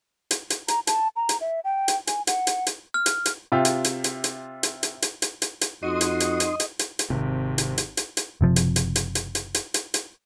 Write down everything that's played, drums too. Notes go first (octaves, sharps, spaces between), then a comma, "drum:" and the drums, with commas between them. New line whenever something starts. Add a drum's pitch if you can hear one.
drum: hi-hat
drum: hi-hat
A#5, drum: hi-hat
A5, drum: hi-hat
A#5
drum: hi-hat
E5
G5
drum: hi-hat
G#5, drum: hi-hat
F#5, drum: hi-hat
drum: hi-hat
drum: hi-hat
F6
drum: hi-hat
drum: hi-hat
C3 F4 E5 G5
drum: hi-hat
drum: hi-hat
drum: hi-hat
drum: hi-hat
drum: hi-hat
drum: hi-hat
drum: hi-hat
drum: hi-hat
drum: hi-hat
drum: hi-hat
F2 D#4 F#4 D#5 C6 D#6
drum: hi-hat
drum: hi-hat
drum: hi-hat
drum: hi-hat
drum: hi-hat
drum: hi-hat
G#1 C3
drum: hi-hat
drum: hi-hat
drum: hi-hat
drum: hi-hat
F#1 C3 F3
drum: hi-hat
drum: hi-hat
drum: hi-hat
drum: hi-hat
drum: hi-hat
drum: hi-hat
drum: hi-hat
drum: hi-hat